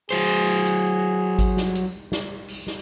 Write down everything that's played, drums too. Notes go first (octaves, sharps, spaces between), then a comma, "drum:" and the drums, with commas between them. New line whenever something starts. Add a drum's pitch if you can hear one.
F#3 G#4 C5
drum: hi-hat
drum: hi-hat
drum: kick G#1, hi-hat
drum: snare
drum: hi-hat
drum: snare
drum: open hi-hat
drum: snare